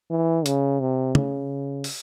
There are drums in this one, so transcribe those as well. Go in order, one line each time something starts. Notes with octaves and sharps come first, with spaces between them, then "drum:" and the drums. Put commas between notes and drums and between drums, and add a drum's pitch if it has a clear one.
E3
C#3, drum: hi-hat
C3
C#3, drum: tom
drum: open hi-hat